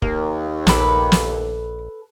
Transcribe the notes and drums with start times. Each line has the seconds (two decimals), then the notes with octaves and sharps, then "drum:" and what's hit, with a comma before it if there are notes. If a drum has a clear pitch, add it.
0.02 D#2 A#3, drum: kick
0.67 A#1 A4 B4 B5 D6, drum: snare
1.12 drum: snare